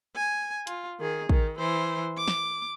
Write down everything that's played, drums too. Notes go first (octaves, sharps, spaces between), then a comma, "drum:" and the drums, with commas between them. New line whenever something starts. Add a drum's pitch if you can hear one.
G#5
F4, drum: hi-hat
D#3 G#4
D#3, drum: kick
E3 C5
D6
drum: snare